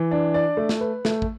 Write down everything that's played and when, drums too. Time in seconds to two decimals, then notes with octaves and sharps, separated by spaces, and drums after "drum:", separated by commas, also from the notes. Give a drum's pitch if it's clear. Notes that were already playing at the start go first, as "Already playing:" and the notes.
Already playing: E3
0.11 D4
0.34 D5
0.57 A3
0.69 drum: snare
0.81 B4
1.05 A3, drum: snare
1.22 drum: kick